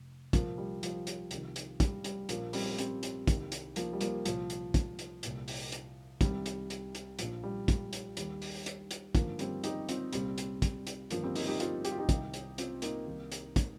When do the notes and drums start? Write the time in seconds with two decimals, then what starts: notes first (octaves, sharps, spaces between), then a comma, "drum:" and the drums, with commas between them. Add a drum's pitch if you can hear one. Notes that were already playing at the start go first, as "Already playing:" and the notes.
Already playing: F1
0.33 C2 A#2 F3 A#3, drum: kick, hi-hat
0.58 G3
0.83 F3, drum: hi-hat
1.07 drum: hi-hat
1.31 C2 C3 D#3, drum: hi-hat
1.56 drum: hi-hat
1.80 G3, drum: kick, hi-hat
2.04 G3, drum: hi-hat
2.29 A#1 A#2 F3 A#3, drum: hi-hat
2.53 G3 C4, drum: open hi-hat
2.78 G3 C4, drum: hi-hat
3.03 drum: hi-hat
3.27 C2 C3 D#3, drum: kick, hi-hat
3.52 drum: hi-hat
3.76 F3 A#3, drum: hi-hat
3.93 G3
4.01 F3 A#3, drum: hi-hat
4.25 C2 A#2 F3, drum: hi-hat
4.50 drum: hi-hat
4.74 drum: kick, hi-hat
4.99 drum: hi-hat
5.23 C2 A#2, drum: hi-hat
5.48 drum: open hi-hat
5.72 drum: hi-hat
6.21 C2 C3 D#3 G3, drum: kick, hi-hat
6.46 drum: hi-hat
6.70 drum: hi-hat
6.95 drum: hi-hat
7.19 A#1 A#2 F3, drum: hi-hat
7.44 G3
7.68 drum: kick, hi-hat
7.93 drum: hi-hat
8.17 D#2 D#3 G3, drum: hi-hat
8.42 drum: open hi-hat
8.66 drum: hi-hat
8.91 drum: hi-hat
9.15 G1 G2 D#3 F3 A#3, drum: kick, hi-hat
9.39 G3 C4, drum: hi-hat
9.64 D#4 G4, drum: hi-hat
9.89 C4 F4, drum: hi-hat
10.13 C2 A#2 G3 C4, drum: hi-hat
10.38 drum: hi-hat
10.62 drum: kick, hi-hat
10.87 drum: hi-hat
11.11 G1 G2 D#3 F3 A#3, drum: hi-hat
11.24 G3 C4
11.35 A#3 D#4, drum: open hi-hat
11.47 D#4 G4
11.60 C4 F4, drum: hi-hat
11.85 G4, drum: hi-hat
11.92 F4
11.99 D#4 G4
12.09 C2 C3 D#3, drum: kick, hi-hat
12.34 drum: hi-hat
12.58 C4 F4, drum: hi-hat
12.82 A#3 D#4, drum: hi-hat
13.06 C2 C3 D#3
13.32 drum: hi-hat
13.56 drum: kick, hi-hat